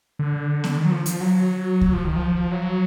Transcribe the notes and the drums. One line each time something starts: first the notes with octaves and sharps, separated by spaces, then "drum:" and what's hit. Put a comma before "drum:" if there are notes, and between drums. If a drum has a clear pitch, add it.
D3
drum: snare B3
D#3
F#3
F3
F3, drum: hi-hat
F#3
drum: kick C#2
F3
D#3
F3
F#3